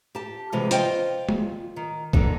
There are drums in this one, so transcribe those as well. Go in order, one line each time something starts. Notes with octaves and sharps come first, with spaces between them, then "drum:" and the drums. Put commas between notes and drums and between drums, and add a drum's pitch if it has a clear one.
G4 A5
C3 E3 F3 G#3
F4 C5 D5 D#5 G5, drum: hi-hat
drum: tom
D#3
E2 D3 D#3 A#3 D4, drum: kick